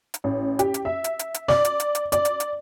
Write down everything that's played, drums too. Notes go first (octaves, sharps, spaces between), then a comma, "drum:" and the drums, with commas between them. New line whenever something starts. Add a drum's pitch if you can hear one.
drum: hi-hat
A1
G4, drum: hi-hat
drum: hi-hat
E5
drum: hi-hat
drum: hi-hat
drum: hi-hat
D5, drum: snare
drum: hi-hat
drum: hi-hat
drum: hi-hat
D5, drum: hi-hat
drum: hi-hat
drum: hi-hat